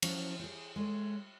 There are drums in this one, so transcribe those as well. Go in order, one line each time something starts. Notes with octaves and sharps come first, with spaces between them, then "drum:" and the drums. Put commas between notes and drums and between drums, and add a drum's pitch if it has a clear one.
F3 F#3 C#4 E4, drum: cymbal
G4 G#4
G#3 A3 C#5